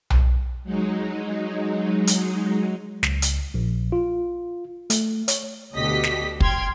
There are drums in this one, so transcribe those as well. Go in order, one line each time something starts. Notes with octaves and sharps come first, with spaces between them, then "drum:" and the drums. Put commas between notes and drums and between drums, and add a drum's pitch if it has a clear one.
drum: tom B1
F#3 G#3 D#4
drum: hi-hat
C#2, drum: snare
drum: hi-hat
A#1
F4
A3, drum: hi-hat
C#5, drum: hi-hat
D2 B2 G4 D#5 B6
drum: snare
G5 C6 F6 G#6, drum: kick